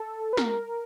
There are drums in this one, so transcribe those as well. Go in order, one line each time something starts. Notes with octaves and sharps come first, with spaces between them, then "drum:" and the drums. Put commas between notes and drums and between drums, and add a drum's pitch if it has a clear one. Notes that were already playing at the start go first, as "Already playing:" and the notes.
Already playing: A4
B4
A#4, drum: snare